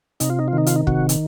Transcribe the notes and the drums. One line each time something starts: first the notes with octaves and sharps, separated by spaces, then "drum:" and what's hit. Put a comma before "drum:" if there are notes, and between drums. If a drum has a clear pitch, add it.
C3 D#4, drum: hi-hat
F4
D#4
F4
D#3
D#4
F4, drum: hi-hat
D#4
C3 F#4, drum: kick
drum: hi-hat